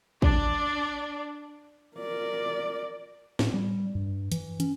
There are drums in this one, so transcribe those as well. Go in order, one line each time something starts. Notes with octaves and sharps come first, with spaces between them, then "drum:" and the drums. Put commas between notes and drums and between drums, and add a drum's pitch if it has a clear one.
D4 D5, drum: kick
A#4 D5
A2, drum: snare
G3
G2
E3, drum: hi-hat
C#4, drum: hi-hat